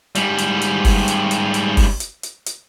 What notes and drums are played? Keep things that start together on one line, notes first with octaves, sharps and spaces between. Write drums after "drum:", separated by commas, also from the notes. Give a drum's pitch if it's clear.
G#2 G3, drum: hi-hat
drum: hi-hat
drum: hi-hat
drum: kick F#1, open hi-hat
drum: hi-hat
drum: hi-hat
drum: hi-hat
drum: kick F#1, open hi-hat
drum: hi-hat
drum: hi-hat
drum: hi-hat